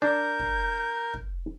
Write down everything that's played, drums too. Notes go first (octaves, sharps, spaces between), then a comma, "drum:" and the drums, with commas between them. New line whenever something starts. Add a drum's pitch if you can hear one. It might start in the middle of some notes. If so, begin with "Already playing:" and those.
D4 A#4 G6
drum: kick
drum: kick